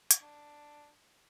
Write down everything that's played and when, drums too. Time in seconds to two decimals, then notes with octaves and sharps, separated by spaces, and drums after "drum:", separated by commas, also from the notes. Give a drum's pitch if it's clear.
0.11 drum: hi-hat
0.21 D4